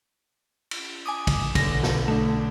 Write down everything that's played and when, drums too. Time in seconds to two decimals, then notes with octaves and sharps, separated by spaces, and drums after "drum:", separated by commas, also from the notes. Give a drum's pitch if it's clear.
0.71 drum: cymbal
1.06 G#5 D6 D#6
1.27 drum: kick, cymbal
1.55 B1 D3 A#6, drum: kick, cymbal
1.83 drum: snare
2.08 A3 D4